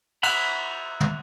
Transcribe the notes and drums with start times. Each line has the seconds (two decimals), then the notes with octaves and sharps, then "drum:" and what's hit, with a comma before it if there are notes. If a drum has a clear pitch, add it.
0.23 E5 F#5 A#5 B5, drum: cymbal
1.00 drum: tom